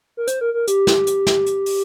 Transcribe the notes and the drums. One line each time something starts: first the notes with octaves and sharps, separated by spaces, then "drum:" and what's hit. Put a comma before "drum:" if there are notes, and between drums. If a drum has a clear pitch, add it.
A#4
C5, drum: hi-hat
A#4
A#4
G4, drum: hi-hat
drum: snare
drum: hi-hat
drum: snare
drum: hi-hat
drum: open hi-hat